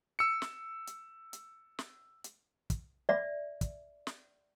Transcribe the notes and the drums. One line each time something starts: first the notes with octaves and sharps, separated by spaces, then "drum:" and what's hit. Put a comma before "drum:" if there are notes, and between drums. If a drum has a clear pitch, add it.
E6 C#7
drum: snare
drum: hi-hat
drum: hi-hat
drum: snare
drum: hi-hat
drum: kick, hi-hat
D5 E5
drum: kick, hi-hat
drum: snare